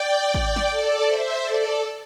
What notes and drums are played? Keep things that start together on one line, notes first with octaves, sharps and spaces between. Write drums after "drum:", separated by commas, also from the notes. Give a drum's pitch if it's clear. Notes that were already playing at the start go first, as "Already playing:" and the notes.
Already playing: D5 G5
D5 G5, drum: kick G#1
drum: snare
A4 D5
C5 E5
A4 D5